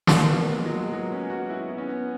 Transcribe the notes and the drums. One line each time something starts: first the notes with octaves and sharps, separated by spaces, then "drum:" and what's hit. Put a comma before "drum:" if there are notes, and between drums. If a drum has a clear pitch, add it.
drum: snare
B3
A#3
G#3
F#3
G#3
G#3
F#3
C#4
F#4
E4
B3
C#4
B3